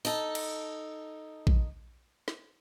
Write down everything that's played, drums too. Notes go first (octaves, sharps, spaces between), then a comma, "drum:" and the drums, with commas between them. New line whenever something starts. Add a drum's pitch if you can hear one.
D#4 A4, drum: open hi-hat
drum: cymbal
drum: kick A#1
drum: snare